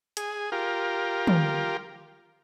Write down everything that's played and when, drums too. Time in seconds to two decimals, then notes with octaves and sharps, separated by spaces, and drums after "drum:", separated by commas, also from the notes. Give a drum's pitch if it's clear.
0.17 G#4, drum: hi-hat
0.52 F4 G4 A#4
1.27 drum: tom